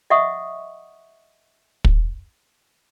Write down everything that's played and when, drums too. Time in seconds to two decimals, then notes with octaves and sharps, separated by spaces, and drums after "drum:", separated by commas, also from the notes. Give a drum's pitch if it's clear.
0.10 D#5 E5 F#5 C#6 D#6
1.84 drum: kick